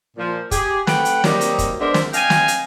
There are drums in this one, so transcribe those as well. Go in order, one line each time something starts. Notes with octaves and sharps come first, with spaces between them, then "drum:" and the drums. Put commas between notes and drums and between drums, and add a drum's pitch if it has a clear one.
A#2 F3
G4 G#4, drum: kick, hi-hat
A3 B4 F#5 G5, drum: snare
drum: hi-hat
D#3 F#3 G3 A#3 C4 D#4, drum: snare
drum: hi-hat
drum: kick, hi-hat
G#3 B3 D4 A#4 C5 E5
drum: snare
D#5 F5 G5 G#5, drum: hi-hat
drum: snare
drum: hi-hat